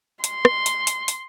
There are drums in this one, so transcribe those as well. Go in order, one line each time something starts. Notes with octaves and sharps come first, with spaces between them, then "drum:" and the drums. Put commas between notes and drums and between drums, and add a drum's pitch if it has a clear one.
C6, drum: hi-hat
drum: rim click
drum: hi-hat
drum: hi-hat
drum: hi-hat